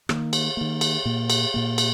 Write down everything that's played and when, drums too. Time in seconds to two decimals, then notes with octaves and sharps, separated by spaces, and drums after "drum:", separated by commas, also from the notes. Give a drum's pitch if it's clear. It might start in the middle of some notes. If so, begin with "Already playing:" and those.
0.09 D#3 A#3, drum: rim click
0.33 drum: cymbal
0.57 D#3 A#3
0.81 drum: cymbal
1.05 A#2 A#3
1.30 drum: cymbal
1.54 A#2 A#3
1.78 drum: cymbal